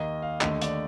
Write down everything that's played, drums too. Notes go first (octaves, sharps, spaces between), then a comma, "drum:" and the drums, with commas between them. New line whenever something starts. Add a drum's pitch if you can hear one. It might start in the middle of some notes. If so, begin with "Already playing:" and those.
Already playing: D#2 D#3 A#3 D#5
F5
D#2 D3 A3 D#5, drum: clap
D5, drum: hi-hat